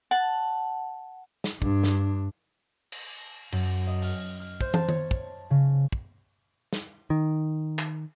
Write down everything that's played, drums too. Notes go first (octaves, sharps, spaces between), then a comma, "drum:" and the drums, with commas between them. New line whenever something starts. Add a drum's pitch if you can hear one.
F#5 A5
drum: snare
G2 D4, drum: kick
drum: snare
drum: cymbal
F#2, drum: cymbal
D#5
F6, drum: open hi-hat
F6
C5, drum: kick
A5, drum: tom
C#5, drum: tom
drum: kick
C#3
drum: kick
drum: snare
D#3
drum: clap